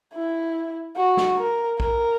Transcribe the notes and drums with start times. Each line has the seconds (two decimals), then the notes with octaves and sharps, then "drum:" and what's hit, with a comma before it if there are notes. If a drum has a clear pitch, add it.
0.14 E4
0.96 F#4
1.17 drum: snare
1.38 A#4
1.80 A#4, drum: kick